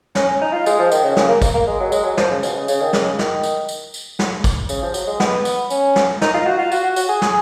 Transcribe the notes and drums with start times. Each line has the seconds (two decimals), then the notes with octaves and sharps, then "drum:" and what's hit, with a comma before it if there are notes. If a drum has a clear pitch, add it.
0.15 C#4, drum: snare
0.28 C#4
0.41 D#4
0.53 F4
0.66 G#3, drum: tambourine
0.79 F3
0.92 D#3, drum: tambourine
1.04 C#3
1.16 C#3, drum: snare
1.29 A#3
1.42 drum: kick, tambourine
1.54 A#3
1.67 G#3
1.80 F#3
1.92 G#3, drum: tambourine
2.04 F#3
2.17 F3, drum: snare
2.30 C#3
2.43 B2, drum: tambourine
2.55 C#3
2.68 C#3, drum: tambourine
2.81 D#3
2.93 C#3, drum: snare
3.19 D#3, drum: snare
3.43 drum: tambourine
3.69 drum: tambourine
3.94 drum: tambourine
4.19 drum: snare
4.44 drum: kick, tambourine
4.69 C#3, drum: tambourine
4.82 F3
4.94 F#3, drum: tambourine
5.07 G#3
5.20 B3, drum: snare
5.45 drum: tambourine
5.70 C#4, drum: tambourine
5.96 drum: snare
6.21 D#4, drum: snare
6.34 F4
6.46 F#4
6.58 F4
6.72 F#4, drum: tambourine
6.83 F#4
6.96 F#4, drum: tambourine
7.09 G#4
7.21 G#4, drum: snare